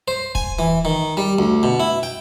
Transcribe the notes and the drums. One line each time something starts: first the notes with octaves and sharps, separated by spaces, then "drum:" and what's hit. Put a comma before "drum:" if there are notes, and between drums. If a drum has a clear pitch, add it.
C5
G#5, drum: kick D#1
E3
D#3
G3
D2
B2
E4
G5